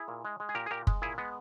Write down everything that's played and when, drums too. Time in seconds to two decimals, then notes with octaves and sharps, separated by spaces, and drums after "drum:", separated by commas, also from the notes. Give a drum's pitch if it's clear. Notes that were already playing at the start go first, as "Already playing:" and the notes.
Already playing: E4 G#4
0.08 A#2
0.25 G#3
0.40 G#3
0.49 G#4
0.55 A#2 G4 A#4
0.66 G#4
0.71 A#2 G4 A#4
0.87 G#3, drum: kick
1.02 A#2 E4 G#4
1.18 G#3 B3